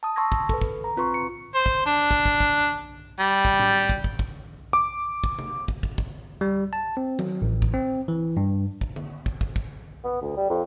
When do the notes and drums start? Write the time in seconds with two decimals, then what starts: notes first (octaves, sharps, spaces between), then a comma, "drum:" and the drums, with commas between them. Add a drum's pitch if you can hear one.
0.03 A5 D#6
0.16 A5 C6 C#6 E6 G#6 A#6
0.32 drum: kick
0.49 A4 B4, drum: kick
0.62 drum: kick
0.84 A#5
0.97 C4 F4 B4 C6 C#6
1.14 C#7
1.55 C5
1.66 drum: kick
1.86 D4
2.11 drum: kick
2.25 drum: kick
2.40 drum: kick
3.19 G3
3.45 drum: kick
3.60 drum: tom A2
3.89 drum: kick
4.04 drum: kick
4.19 drum: kick
4.73 D6
5.24 drum: kick
5.38 drum: tom C3
5.68 drum: kick
5.83 drum: kick
5.98 drum: kick
6.41 G3
6.73 A5
6.97 C4
7.19 F#3, drum: tom D#3
7.42 A1
7.62 drum: kick
7.74 C4
8.08 E3
8.37 G2
8.81 drum: kick
8.96 drum: tom D3
9.26 drum: kick
9.41 drum: kick
9.56 drum: kick
10.04 B3
10.21 D2
10.37 G3
10.49 F2